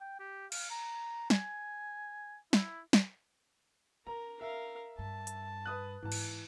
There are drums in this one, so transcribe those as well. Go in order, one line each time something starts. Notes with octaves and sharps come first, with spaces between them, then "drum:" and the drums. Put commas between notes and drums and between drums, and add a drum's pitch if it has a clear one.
G5
G4
F5, drum: cymbal
A#5
G#5, drum: snare
E4, drum: snare
drum: snare
D4 A#4 A#5
A#4 E5 F5
G2 A5
drum: hi-hat
B4 D#6 F#6
G#2 E3 A5
drum: cymbal